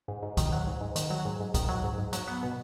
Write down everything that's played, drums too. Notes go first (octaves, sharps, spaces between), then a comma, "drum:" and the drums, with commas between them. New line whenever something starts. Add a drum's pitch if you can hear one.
G#2
G#2
D#3, drum: kick C#2, hi-hat
F#3
G#2
G#2
D#3, drum: hi-hat
F#3
G#2
G#2
D#3, drum: kick C#2, hi-hat
F#3
G#2
G#2
F#3, drum: hi-hat
B3
B2